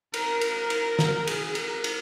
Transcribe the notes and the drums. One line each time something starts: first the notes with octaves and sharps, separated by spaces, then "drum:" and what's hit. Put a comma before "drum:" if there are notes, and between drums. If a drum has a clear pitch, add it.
A#4, drum: cymbal
A#4, drum: cymbal
drum: cymbal
drum: snare
G#4, drum: cymbal
A#4, drum: cymbal
drum: cymbal